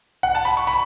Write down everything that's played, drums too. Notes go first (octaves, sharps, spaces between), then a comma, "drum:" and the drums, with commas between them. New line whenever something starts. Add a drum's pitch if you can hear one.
F#5
A5
B5, drum: tambourine
C#6
B5, drum: tambourine